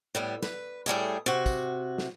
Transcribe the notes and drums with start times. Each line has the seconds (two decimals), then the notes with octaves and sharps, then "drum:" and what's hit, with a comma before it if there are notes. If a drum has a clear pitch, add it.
0.15 A2 G3 B3
0.42 B4, drum: snare
0.86 A2 G3 A3 G#4
1.26 C3 F#4
1.46 drum: kick, tambourine
1.98 drum: snare